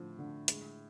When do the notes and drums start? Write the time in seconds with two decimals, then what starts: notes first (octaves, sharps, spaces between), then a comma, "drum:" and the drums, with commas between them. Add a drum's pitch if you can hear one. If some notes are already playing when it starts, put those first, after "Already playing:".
Already playing: A2 D3 F3
0.19 D3
0.48 G#3, drum: hi-hat